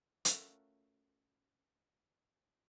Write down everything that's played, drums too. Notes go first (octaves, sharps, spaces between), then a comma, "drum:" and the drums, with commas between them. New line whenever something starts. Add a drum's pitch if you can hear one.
A3 C#4 F4 F#4 A#4, drum: hi-hat